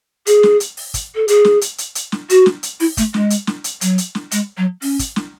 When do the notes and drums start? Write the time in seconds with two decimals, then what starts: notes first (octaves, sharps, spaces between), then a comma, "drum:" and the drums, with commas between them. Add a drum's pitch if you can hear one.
0.27 G#4, drum: hi-hat
0.43 drum: snare
0.60 drum: hi-hat
0.77 drum: open hi-hat
0.94 drum: kick, hi-hat
1.15 A4
1.28 G#4, drum: hi-hat
1.45 drum: snare
1.61 drum: hi-hat
1.78 drum: hi-hat
1.95 drum: hi-hat
2.12 drum: snare
2.30 F#4, drum: hi-hat
2.46 drum: snare
2.63 drum: hi-hat
2.80 E4, drum: open hi-hat
2.97 A3, drum: kick, hi-hat
3.14 G#3, drum: snare
3.30 drum: hi-hat
3.47 drum: snare
3.64 drum: hi-hat
3.81 F#3, drum: hi-hat
3.98 drum: hi-hat
4.15 drum: snare
4.31 G#3, drum: hi-hat
4.57 F#3
4.82 C#4, drum: open hi-hat
4.99 drum: kick, hi-hat
5.16 drum: snare